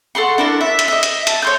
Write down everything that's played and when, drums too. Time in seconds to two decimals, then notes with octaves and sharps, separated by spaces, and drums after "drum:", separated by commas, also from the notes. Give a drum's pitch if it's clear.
0.15 A4 F#5 C6 C#6
0.38 D4 E4 A#4 A5
0.61 E5
0.79 drum: hi-hat
0.88 D#5 E5
1.03 drum: hi-hat
1.27 A5, drum: hi-hat
1.42 C#5 C6 G6